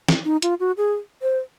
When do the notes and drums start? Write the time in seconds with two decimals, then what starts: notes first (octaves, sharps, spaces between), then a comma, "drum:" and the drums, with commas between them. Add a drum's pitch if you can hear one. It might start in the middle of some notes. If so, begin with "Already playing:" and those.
0.08 drum: snare
0.25 D#4
0.42 F4, drum: hi-hat
0.60 F#4
0.77 G#4
1.22 C5